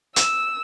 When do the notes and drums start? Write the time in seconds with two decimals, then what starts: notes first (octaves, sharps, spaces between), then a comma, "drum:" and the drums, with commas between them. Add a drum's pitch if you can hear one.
0.16 E6, drum: hi-hat